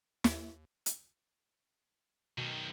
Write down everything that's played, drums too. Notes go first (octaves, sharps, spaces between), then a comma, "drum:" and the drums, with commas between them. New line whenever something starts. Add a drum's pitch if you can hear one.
D#2, drum: snare
drum: hi-hat
B1 B2 D#3